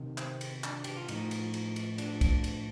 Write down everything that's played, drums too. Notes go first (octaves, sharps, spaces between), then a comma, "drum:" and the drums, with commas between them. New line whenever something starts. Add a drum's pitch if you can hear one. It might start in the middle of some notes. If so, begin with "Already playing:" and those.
Already playing: C3 D#3
C4, drum: clap
drum: cymbal
D4, drum: clap
G4, drum: cymbal
F4
A2 F3 D#4, drum: cymbal
drum: cymbal
drum: cymbal
drum: cymbal
D4, drum: cymbal
drum: kick, cymbal
drum: cymbal